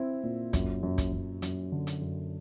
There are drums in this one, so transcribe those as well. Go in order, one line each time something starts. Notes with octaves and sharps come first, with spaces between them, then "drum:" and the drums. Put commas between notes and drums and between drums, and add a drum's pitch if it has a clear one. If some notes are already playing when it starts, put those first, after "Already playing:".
Already playing: C4 E4
A#2
F#2, drum: kick, hi-hat
F#2
drum: kick, hi-hat
F#2
F#2, drum: hi-hat
D3
drum: hi-hat
F#2